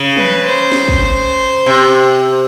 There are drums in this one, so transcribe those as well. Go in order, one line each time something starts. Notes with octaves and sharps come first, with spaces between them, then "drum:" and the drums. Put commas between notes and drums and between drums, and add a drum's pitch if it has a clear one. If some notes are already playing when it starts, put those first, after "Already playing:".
Already playing: C#3
B4, drum: tom
C5
drum: snare
drum: kick
C3